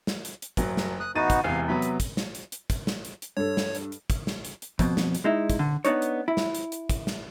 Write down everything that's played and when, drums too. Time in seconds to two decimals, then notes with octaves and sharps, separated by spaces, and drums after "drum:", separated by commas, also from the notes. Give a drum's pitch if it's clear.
0.07 drum: snare
0.25 drum: hi-hat
0.42 drum: hi-hat
0.57 F#1 F#3, drum: kick, hi-hat
0.77 drum: snare
1.00 D#6 F#6
1.15 A1 B3 D#4 F#4 A6 D#7
1.30 drum: kick, hi-hat
1.44 E1 E2 C3 F5
1.68 C3 F#3 B3 B5
1.82 drum: hi-hat
2.00 drum: kick, hi-hat
2.17 drum: snare
2.35 drum: hi-hat
2.52 drum: hi-hat
2.70 drum: kick, hi-hat
2.87 drum: snare
3.05 drum: hi-hat
3.22 drum: hi-hat
3.37 G2 A4 C#5
3.57 drum: snare
3.75 drum: hi-hat
3.92 drum: hi-hat
4.10 drum: kick, hi-hat
4.27 drum: snare
4.45 drum: hi-hat
4.62 drum: hi-hat
4.79 F2 B2, drum: kick, hi-hat
4.97 drum: snare
5.15 drum: hi-hat
5.24 G#3 D#4 E4
5.50 drum: kick, hi-hat
5.59 D3
5.85 B3 D4 D#4 C#5, drum: hi-hat
6.02 drum: hi-hat
6.28 E4
6.37 drum: snare
6.55 drum: hi-hat
6.72 drum: hi-hat
6.89 drum: kick, hi-hat
7.07 drum: snare